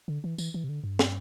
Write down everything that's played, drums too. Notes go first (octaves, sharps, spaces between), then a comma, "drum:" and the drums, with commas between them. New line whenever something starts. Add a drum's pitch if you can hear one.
D3
E3
E3, drum: tambourine
E3
C3
D3
G2
drum: snare